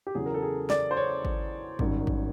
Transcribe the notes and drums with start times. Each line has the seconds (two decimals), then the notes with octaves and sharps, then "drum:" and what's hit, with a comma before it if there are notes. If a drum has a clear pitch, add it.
0.07 G4
0.15 E2 C#3 F#3 G#4
0.26 A#4
0.34 A4
0.42 G#4
0.70 D5, drum: snare
0.91 C5
0.97 C#5
1.25 drum: kick G#1
1.79 G#1 F#2 D#3 G3, drum: kick G#1
2.07 drum: kick G#1